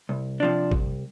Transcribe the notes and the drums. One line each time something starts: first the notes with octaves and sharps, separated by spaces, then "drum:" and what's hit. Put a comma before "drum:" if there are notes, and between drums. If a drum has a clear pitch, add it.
C2
C3 F3 D4
C2, drum: kick G#1